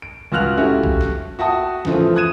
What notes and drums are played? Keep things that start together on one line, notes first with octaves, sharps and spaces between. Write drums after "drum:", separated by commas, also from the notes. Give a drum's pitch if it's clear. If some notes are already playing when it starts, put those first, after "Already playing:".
D7
C#2 F#4 F6 F#6 F7
A3 C#4 E4 F#4 G4
drum: kick B1
drum: snare
F#4 E5 F#5 G5 A5 D#6
E2 C#3 F3 A3, drum: snare
D#6 F#6 G#6 D#7 E7